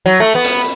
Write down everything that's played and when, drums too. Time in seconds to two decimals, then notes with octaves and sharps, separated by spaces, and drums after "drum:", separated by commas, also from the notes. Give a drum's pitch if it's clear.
0.06 F#3
0.20 A3
0.35 B3
0.45 drum: hi-hat